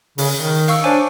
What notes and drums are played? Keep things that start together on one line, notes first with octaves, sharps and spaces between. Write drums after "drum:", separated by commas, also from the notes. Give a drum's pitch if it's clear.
C#3, drum: open hi-hat
D#3
F5 C#6 E6, drum: cymbal
D4 C5 C#5 G#5